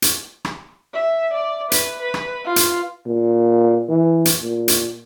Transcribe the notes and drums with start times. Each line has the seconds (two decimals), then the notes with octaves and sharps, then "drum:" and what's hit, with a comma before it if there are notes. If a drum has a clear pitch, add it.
0.02 drum: hi-hat
0.45 drum: rim click
0.94 E5
1.34 D5
1.72 B4, drum: hi-hat
2.02 B4
2.14 drum: rim click
2.45 F4
2.56 drum: hi-hat
3.06 A#2
3.89 E3
4.25 drum: hi-hat
4.41 A#2
4.68 drum: hi-hat